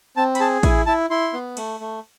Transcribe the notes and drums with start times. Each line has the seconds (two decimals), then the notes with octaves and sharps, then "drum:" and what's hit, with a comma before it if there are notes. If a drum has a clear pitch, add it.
0.17 C4 A5
0.35 B5, drum: cymbal
0.40 G#4 A5
0.63 E4 G#5, drum: kick A1, cymbal
0.86 E4 A5
1.10 E4 C6
1.33 B3
1.57 A3, drum: cymbal
1.80 A3